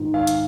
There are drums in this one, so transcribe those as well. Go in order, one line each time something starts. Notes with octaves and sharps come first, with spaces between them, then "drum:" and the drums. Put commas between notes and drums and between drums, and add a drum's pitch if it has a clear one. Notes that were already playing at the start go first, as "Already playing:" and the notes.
Already playing: G#2 D#3
F5
drum: hi-hat